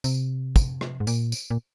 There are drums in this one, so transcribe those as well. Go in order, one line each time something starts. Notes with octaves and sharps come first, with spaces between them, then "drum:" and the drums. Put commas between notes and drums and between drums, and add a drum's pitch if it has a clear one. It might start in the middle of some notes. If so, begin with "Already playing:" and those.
C3, drum: tambourine
drum: kick, tambourine
drum: rim click
G#2
A#2, drum: tambourine
drum: tambourine
A#2